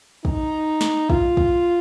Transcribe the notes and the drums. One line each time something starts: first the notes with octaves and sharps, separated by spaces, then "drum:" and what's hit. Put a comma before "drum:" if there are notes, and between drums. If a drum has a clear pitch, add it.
D#4, drum: kick
drum: snare
F4, drum: kick
drum: kick